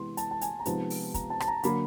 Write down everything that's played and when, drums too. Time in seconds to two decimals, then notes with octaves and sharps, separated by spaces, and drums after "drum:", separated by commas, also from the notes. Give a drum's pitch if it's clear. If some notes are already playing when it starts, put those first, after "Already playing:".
Already playing: C3 E3 G#3 B3 C6
0.17 A5, drum: hi-hat
0.31 A5
0.41 G#5, drum: hi-hat
0.59 A#5
0.65 C3 F3 G#3 B3 D#4 A5, drum: hi-hat
0.90 drum: open hi-hat
1.14 A#5, drum: kick, hi-hat
1.30 A5
1.40 A5, drum: rim click
1.48 A#5
1.63 D3 F#3 A#3 B5, drum: hi-hat